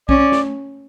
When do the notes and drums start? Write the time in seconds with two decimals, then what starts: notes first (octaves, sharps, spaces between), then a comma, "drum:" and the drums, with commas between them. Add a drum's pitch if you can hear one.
0.09 C#4 D5, drum: kick A#1
0.32 drum: snare